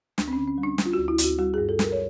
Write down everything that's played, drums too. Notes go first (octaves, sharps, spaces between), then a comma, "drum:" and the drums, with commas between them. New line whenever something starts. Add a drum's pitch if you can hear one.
D2 D4, drum: snare
C4
D3 C#4
C#4
G3
D4
G3, drum: snare
F4
D2 F#4
E4
D2, drum: hi-hat
F#4
G3 F#4
G2 G#4
A4
G3 A#4, drum: snare
C#5